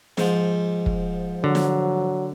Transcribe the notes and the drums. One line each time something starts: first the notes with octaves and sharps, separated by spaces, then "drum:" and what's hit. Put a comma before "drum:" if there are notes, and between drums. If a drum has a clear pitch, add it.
G#2 F3, drum: snare
drum: kick
D3 F#3
drum: snare